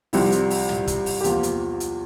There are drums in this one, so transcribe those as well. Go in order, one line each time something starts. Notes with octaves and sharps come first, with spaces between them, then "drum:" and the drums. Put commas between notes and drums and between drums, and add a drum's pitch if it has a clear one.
C2 C3 F3 G3 C4 E4, drum: open hi-hat
drum: hi-hat
drum: open hi-hat
drum: tom
drum: kick, hi-hat
drum: open hi-hat
G4
E2 C3 F3 A#3 F4, drum: hi-hat
drum: hi-hat
drum: hi-hat